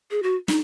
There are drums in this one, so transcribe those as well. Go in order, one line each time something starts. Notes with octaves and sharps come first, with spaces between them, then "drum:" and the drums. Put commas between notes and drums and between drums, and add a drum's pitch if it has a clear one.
G#4
F#4
D#4, drum: snare